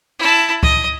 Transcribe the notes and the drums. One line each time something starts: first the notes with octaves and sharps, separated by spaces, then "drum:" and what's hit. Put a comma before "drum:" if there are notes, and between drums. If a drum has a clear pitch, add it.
E4 A5
D#5, drum: kick C#2